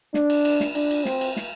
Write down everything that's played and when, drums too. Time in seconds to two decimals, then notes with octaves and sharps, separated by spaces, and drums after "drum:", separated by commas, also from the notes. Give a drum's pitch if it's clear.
0.14 D4, drum: snare
0.30 drum: cymbal
0.45 drum: cymbal
0.60 drum: snare
0.75 D4, drum: cymbal
0.91 drum: cymbal
1.05 C4, drum: snare
1.21 drum: cymbal
1.36 drum: snare